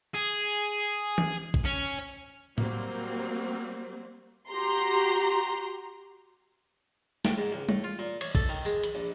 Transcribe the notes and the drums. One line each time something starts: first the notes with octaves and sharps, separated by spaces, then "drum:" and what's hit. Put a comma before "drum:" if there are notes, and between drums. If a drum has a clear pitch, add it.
G#4
drum: tom E3
drum: kick
C#4
F#3 G3 A#3 C4, drum: tom A2
F#4 G4 A#5 C6
G5, drum: snare
G#2
C#2
A2, drum: tom G3
F4
A#2
C#5, drum: cymbal
A4, drum: kick
D#3
G#3, drum: tambourine
B5, drum: hi-hat
A#1